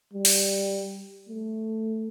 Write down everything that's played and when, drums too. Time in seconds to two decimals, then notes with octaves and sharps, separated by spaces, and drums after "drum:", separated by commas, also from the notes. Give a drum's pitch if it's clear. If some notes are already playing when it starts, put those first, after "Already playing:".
0.13 G3
0.25 drum: open hi-hat
1.29 A3